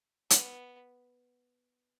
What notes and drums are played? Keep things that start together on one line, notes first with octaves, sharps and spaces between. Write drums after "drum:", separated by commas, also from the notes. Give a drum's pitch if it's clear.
B3, drum: hi-hat